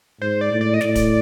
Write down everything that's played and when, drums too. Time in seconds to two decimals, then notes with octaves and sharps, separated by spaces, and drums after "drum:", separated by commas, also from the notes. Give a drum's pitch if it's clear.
0.21 G#2 C5
0.41 D5
0.52 A2
0.61 D5
0.74 D#5
0.81 A2 D5, drum: snare
0.95 drum: kick, hi-hat